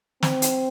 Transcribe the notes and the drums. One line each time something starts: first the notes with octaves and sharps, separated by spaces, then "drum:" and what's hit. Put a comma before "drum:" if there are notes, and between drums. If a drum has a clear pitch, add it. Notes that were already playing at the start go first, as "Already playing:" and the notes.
C4, drum: snare
drum: hi-hat